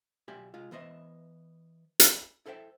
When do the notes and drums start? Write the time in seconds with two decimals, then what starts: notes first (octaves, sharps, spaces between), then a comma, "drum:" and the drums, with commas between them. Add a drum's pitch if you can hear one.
0.28 B1 F4 G4 D5 E5 G#5
0.54 C3 G#3 F4
0.71 E3 B3 C5 D#5 E5
2.00 drum: hi-hat
2.46 E4 A4 C5 E5 F#5 G5